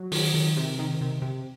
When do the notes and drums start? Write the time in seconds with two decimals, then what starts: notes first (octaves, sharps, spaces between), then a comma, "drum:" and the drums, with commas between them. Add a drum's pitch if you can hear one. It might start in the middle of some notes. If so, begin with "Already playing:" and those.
Already playing: F#3
0.12 D#3, drum: open hi-hat
0.34 D#3
0.57 C3
0.79 D#3
1.01 C3
1.22 C3